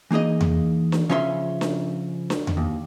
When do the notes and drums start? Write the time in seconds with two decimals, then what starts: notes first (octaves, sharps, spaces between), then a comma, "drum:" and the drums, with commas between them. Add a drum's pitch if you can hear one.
0.11 E3 A#3 D#4 G#4 D#5
0.41 drum: tom E2
0.92 drum: snare D4
1.09 C#3 F3 C#4 C#5 E5 C6
1.61 drum: snare D4
2.30 drum: snare D4
2.47 drum: tom E2
2.57 D#2